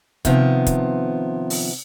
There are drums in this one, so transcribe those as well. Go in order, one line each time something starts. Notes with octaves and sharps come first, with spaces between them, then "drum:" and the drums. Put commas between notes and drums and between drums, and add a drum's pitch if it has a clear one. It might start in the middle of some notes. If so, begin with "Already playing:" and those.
C3 D#3 F3 B3, drum: kick, hi-hat
drum: kick, hi-hat
drum: open hi-hat